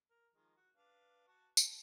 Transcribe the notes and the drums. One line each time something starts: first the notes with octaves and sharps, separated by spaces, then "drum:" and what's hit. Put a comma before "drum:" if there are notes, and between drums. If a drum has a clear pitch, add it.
A#4
D#3 F3 G#3
F#4
D4 B4 F5
F#4 A5 C#6
A5, drum: tambourine